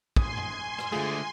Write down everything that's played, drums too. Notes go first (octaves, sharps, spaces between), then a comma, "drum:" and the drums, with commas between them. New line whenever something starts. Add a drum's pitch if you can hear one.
A2 G#5 C6 D#6, drum: kick
drum: tom F#2
drum: rim click
D3 G#3 A3 F4 G#4